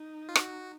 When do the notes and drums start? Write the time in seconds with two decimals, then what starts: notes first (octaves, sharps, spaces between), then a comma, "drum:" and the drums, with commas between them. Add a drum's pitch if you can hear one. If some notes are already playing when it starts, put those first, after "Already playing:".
Already playing: D#4
0.29 F4
0.36 F#4, drum: rim click